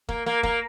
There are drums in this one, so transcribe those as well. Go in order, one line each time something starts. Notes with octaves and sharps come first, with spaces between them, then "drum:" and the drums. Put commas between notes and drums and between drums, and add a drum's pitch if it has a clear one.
A#3, drum: kick
A#3
A#3, drum: kick